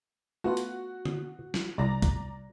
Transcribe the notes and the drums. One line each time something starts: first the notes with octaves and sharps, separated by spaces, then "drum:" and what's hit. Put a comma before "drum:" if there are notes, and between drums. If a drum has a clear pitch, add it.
A3 B3 F4 F#4
drum: hi-hat
drum: tom
drum: snare
C2 D5 A#5 A#6
drum: kick C2, hi-hat